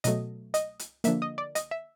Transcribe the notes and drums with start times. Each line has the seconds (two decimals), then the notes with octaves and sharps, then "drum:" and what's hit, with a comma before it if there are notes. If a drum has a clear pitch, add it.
0.04 B2 F#3 A3 D#5, drum: hi-hat
0.54 D#5, drum: hi-hat
0.79 drum: hi-hat
1.04 D3 F3 A#3 E5, drum: hi-hat
1.22 D#5
1.38 D5
1.55 D#5, drum: hi-hat
1.71 E5